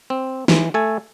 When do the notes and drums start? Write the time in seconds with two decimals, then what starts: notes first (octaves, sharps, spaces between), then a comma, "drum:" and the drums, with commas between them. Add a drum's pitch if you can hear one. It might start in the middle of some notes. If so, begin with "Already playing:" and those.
0.10 C4
0.48 E3, drum: snare
0.74 A3 A4 G#5